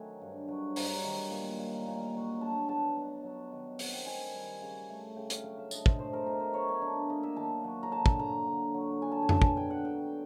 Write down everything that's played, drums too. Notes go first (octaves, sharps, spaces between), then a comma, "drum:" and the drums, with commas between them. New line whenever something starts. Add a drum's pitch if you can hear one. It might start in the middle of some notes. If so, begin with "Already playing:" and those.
Already playing: D#3 F#3 A3 C4 G#5
G2
F#3
G2 A#5, drum: open hi-hat
D#3
A#2
A#3
A#2
F#3
D4 A5
B3 A5
B2
F#3
D#3
C4 F#5, drum: open hi-hat
G5
D#3 G#5
G3
C#3
A3
C#3 G5
F5, drum: hi-hat
F#3 F5
E5
D4 D#5, drum: tambourine
C5, drum: kick
A3 C5
A#4
B2 A#4
C5
F#3 C#5
C#5
D4
A#3 D#5
E5
D#3 A5
F#3
A#5
D3 A5
A5, drum: kick
A#3 A#5
D3
F#3
D4 G#5
A5
G#5
B3 A5, drum: tom F2
G#5, drum: kick
D3 G5
F#5
F#3 G5